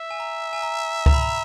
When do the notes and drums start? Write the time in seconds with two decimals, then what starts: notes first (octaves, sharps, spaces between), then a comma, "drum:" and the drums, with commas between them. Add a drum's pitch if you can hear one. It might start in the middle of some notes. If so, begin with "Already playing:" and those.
Already playing: E5
0.11 G#5
0.20 A#5
0.53 G#5
0.63 A#5
1.06 A#5, drum: kick C#2
1.14 B5
1.22 A#5